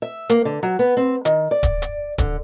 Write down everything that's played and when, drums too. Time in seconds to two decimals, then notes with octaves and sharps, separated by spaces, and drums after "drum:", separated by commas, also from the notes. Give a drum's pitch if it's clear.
0.02 E5
0.30 A#3, drum: hi-hat
0.45 D3
0.63 F#3
0.79 B3
0.97 C4
1.25 D#3, drum: hi-hat
1.51 D5
1.63 drum: kick D1, hi-hat
1.82 drum: hi-hat
2.18 D3, drum: kick D1, hi-hat